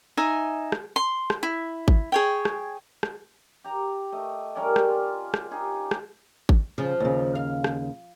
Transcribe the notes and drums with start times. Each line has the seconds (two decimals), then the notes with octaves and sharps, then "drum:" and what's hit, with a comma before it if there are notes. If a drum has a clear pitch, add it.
0.17 D#4 E5 G#5
0.72 drum: rim click
0.96 C6
1.30 drum: rim click
1.43 E4
1.88 drum: kick G#1
2.12 G#4 C#5 G5
2.45 drum: rim click
3.03 drum: rim click
3.64 G4 A#5
4.12 A3 D#5
4.55 G3 C#4 A#4 D5
4.76 drum: rim click
4.88 F4
5.34 drum: rim click
5.51 D#4 G4 G#4
5.91 drum: rim click
6.49 drum: kick G#1
6.78 C#3 F3
7.00 D#2 C#3
7.35 F5
7.64 drum: rim click